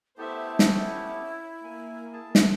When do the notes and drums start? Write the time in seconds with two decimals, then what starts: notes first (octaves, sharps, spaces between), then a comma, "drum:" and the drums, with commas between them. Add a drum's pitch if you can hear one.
0.18 A3 B3 E4 G4 A4 C5 E5
0.59 C#4, drum: snare
1.64 A#3 G#5
2.13 G#4 A5
2.35 drum: snare